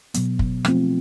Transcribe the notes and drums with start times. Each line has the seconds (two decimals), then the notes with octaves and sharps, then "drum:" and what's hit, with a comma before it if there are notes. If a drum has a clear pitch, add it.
0.14 B2 F#3 B3, drum: hi-hat
0.39 drum: kick F#1
0.65 F3 A3 C4 F4, drum: rim click